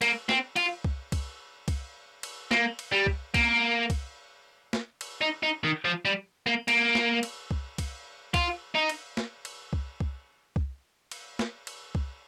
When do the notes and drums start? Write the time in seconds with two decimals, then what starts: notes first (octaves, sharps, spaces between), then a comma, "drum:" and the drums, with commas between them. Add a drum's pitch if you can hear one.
0.02 A#3, drum: cymbal
0.29 C4, drum: snare
0.56 F4, drum: cymbal
0.84 drum: kick
1.12 drum: kick, cymbal
1.68 drum: kick, cymbal
2.23 drum: cymbal
2.51 A#3, drum: snare
2.79 drum: cymbal
2.92 G3
3.07 drum: kick
3.34 A#3, drum: kick, cymbal
3.90 drum: kick, cymbal
4.73 drum: snare
5.01 drum: cymbal
5.21 D#4
5.43 D#4
5.64 D#3
5.85 F3
6.05 G3
6.46 A#3
6.68 A#3, drum: cymbal
6.95 drum: snare
7.23 drum: cymbal
7.51 drum: kick
7.78 drum: kick, cymbal
8.34 F4, drum: kick, cymbal
8.75 D#4
8.89 drum: cymbal
9.17 drum: snare
9.45 drum: cymbal
9.73 drum: kick
10.00 drum: kick
10.56 drum: kick
11.11 drum: cymbal
11.39 drum: snare
11.67 drum: cymbal
11.95 drum: kick